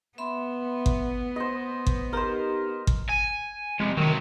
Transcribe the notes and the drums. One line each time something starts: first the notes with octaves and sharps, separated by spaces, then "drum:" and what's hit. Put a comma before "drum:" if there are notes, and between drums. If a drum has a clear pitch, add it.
B3 E5 B5 C6
drum: kick G1
B4 C5 D#5
drum: kick G1
D#4 G4 A#4 C5 D#5
drum: kick G1
G#5
F2 C3 G#3
C3 D#3 F#3